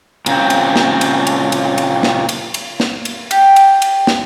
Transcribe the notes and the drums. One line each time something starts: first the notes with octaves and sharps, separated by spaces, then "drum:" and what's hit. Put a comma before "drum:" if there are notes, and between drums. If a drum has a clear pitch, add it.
A#2 C#3 C4, drum: cymbal
drum: cymbal
drum: snare
drum: cymbal
drum: cymbal
drum: cymbal
drum: cymbal
drum: snare
drum: cymbal
drum: cymbal
drum: snare
drum: cymbal
G4, drum: cymbal
drum: cymbal
drum: cymbal
drum: snare